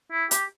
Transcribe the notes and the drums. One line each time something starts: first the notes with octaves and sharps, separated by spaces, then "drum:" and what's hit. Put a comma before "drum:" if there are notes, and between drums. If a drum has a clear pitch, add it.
E4
G4, drum: hi-hat